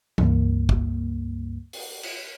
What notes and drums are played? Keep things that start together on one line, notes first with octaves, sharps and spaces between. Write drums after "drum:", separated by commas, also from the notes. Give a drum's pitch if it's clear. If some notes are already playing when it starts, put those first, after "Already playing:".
C#2 G2 A#3, drum: tom E3
drum: kick
drum: open hi-hat
drum: cymbal